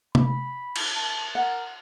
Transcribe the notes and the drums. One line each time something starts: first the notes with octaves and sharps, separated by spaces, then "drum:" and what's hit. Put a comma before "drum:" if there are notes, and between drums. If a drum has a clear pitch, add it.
B5, drum: tom C3
drum: cymbal
A5
A#4 F#5